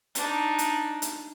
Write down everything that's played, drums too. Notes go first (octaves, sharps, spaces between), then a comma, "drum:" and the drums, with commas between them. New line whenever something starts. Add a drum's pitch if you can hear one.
D4 D#4, drum: hi-hat
drum: hi-hat
drum: hi-hat